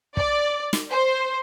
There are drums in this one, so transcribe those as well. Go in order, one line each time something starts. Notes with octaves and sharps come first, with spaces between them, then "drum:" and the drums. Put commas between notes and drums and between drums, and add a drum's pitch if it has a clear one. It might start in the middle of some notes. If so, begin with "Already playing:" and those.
D5, drum: kick
drum: snare
C5